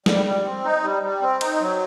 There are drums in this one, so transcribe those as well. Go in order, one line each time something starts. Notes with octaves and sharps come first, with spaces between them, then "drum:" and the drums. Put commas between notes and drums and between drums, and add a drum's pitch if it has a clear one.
G3, drum: snare
G3
C4
D#4
G3
G3
C4
D#4, drum: cymbal
F#3